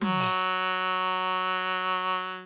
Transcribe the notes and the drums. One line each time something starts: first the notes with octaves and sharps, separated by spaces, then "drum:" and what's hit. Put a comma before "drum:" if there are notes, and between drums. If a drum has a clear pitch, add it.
F#3, drum: tom F#3
drum: open hi-hat